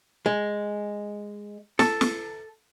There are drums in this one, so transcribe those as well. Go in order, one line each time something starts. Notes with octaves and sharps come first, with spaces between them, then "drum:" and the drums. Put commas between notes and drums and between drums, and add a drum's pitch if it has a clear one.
G#3
A4, drum: snare
drum: snare